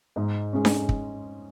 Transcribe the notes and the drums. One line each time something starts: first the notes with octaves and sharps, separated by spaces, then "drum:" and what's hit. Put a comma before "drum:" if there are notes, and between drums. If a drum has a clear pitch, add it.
G#2 D#4
G#3 C#4
drum: snare D4
drum: kick